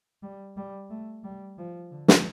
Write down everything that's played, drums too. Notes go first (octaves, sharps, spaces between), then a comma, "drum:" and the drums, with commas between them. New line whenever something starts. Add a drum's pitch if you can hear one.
G3
G3
A3
G3
F3
D3
drum: snare